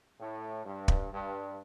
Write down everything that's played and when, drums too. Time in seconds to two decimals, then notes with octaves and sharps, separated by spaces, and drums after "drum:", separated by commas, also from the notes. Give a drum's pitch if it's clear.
0.20 A2
0.65 G2
0.88 drum: kick
1.11 G2